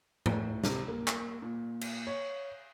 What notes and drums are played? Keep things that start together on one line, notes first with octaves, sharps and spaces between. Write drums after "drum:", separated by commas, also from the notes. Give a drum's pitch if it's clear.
A2, drum: tom G#2
C3, drum: snare
A#3
drum: clap
A#2
drum: cymbal
C#5